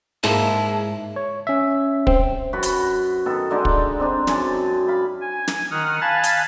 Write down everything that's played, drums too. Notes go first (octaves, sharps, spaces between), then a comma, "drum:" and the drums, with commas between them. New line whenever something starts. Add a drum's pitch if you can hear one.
G#2 G#3 A#3 E4 A5
C#5
C#4 E5
C4, drum: kick
F#2 F#4 B4 B5
drum: hi-hat
D#3 B3 A4
D3 G#3 D4 D#4
drum: kick
C4 D4 D#4 C5
F#2 G#5 A5, drum: snare
F5 B5
G#5
drum: snare
D#3 F#5 D#6 F6
F5 G#5 A5 B5 F#6 A6
drum: hi-hat